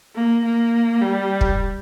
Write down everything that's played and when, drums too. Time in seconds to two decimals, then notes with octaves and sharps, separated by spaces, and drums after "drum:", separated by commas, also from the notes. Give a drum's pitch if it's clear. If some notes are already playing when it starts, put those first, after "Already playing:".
0.15 A#3
0.44 A#3
1.02 G3
1.41 drum: kick